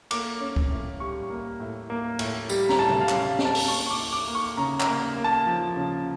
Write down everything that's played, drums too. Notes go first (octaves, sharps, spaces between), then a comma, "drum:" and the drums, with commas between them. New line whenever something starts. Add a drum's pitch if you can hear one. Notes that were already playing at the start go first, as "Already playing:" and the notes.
A#3 D6, drum: cymbal
C#4
drum: kick
A2
G3 C#6
A#3
A2
A#3
A2, drum: cymbal
G3, drum: tambourine
A#5, drum: snare
A2 A5
drum: tom C3
F5
C#4, drum: clap
F5
C#4, drum: snare
A5
drum: open hi-hat
A#3 C#6
C#6
D6
E4, drum: open hi-hat
D6
A#3
C#6
C#3 A#5
A#5, drum: clap
A#3
A#3
A5
F3
C#3